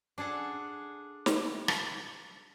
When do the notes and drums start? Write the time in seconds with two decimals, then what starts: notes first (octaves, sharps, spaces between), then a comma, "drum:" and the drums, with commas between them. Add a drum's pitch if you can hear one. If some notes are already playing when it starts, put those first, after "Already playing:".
0.18 D4 G#4 A4 F#5
1.26 drum: snare
1.68 drum: rim click